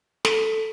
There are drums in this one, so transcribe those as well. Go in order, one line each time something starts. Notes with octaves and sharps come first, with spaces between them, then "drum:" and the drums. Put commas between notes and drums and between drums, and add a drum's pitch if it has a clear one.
A4, drum: snare